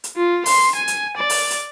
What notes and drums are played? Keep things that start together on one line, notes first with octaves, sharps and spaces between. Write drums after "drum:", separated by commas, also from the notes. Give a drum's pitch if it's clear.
drum: hi-hat
F4
C6, drum: open hi-hat
G#5
drum: hi-hat
D5
drum: open hi-hat
drum: hi-hat